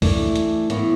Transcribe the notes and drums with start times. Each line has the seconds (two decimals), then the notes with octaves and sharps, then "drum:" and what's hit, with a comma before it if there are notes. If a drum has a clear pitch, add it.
0.02 E3 A3 D4, drum: kick C#2, open hi-hat
0.36 drum: hi-hat
0.70 A2 E3 B3, drum: hi-hat